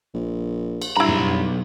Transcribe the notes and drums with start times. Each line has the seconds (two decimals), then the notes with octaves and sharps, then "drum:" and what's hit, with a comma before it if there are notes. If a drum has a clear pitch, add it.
0.14 A#1
0.82 drum: cymbal
0.96 B1 G2 E4 A#5 B5
1.08 drum: tom